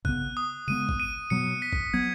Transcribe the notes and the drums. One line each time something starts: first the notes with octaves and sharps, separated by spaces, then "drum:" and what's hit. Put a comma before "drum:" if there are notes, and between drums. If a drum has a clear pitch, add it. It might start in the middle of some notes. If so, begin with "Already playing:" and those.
C#3 B3 F#6, drum: kick G#1
D#6
C#3 G#3 B3 D#7
drum: kick G#1
D#7
B2 F#3 B3 C#7
B6
drum: kick G#1
F#3 B3 G#6